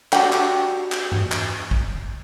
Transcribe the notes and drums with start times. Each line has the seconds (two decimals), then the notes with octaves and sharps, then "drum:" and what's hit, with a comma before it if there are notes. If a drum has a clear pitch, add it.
0.12 D4 F#4 G4 G5, drum: clap
0.32 drum: clap
0.92 drum: clap
1.12 drum: tom G2
1.32 drum: clap
1.71 drum: kick